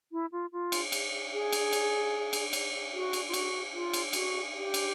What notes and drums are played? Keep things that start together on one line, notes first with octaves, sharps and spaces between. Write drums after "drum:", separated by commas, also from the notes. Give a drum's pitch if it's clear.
E4
F4
F4
drum: cymbal
drum: cymbal
G#4
drum: cymbal
drum: cymbal
drum: cymbal
drum: cymbal
F#4
drum: cymbal
F4
F#4, drum: cymbal
F4
drum: cymbal
F#4, drum: cymbal
G4
drum: cymbal